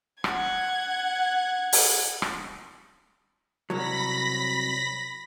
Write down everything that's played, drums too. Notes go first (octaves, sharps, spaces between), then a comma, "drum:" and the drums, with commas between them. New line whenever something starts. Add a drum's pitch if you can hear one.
F#5 G#6, drum: rim click
drum: open hi-hat
drum: rim click
C2 F#3 B5 A#6 B6